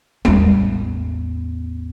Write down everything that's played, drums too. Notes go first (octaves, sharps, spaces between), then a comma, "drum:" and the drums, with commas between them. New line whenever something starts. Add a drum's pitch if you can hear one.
A1 E2, drum: tom G3